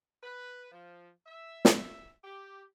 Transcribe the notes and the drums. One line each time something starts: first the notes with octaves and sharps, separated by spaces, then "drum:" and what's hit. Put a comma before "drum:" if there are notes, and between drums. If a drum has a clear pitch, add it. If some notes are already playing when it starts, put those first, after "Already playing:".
B4
F3
E5
drum: snare
G4